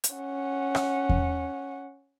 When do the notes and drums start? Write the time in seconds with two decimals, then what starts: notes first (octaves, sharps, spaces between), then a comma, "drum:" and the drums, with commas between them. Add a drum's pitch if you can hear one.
0.04 drum: hi-hat
0.14 C#4 F#5
0.75 drum: rim click
1.09 drum: kick E2